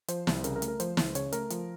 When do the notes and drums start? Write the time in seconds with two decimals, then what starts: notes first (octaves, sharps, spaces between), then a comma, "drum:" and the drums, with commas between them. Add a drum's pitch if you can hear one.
0.08 F3 C5, drum: hi-hat
0.27 C2, drum: snare
0.44 C#3 A#4, drum: hi-hat
0.56 A#4
0.62 A3, drum: hi-hat
0.68 A#4
0.80 F3 C5, drum: hi-hat
0.97 C#2, drum: snare
1.15 C#3 C#5, drum: hi-hat
1.32 A3 A#4, drum: hi-hat
1.50 F3, drum: hi-hat